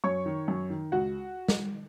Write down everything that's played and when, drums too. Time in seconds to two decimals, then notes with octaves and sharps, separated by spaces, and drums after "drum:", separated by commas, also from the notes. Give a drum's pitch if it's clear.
0.04 F#2 C#5 C#6
0.26 D#3
0.48 F#2
0.70 D#3
0.92 C#2 F#4 F#5
1.48 drum: snare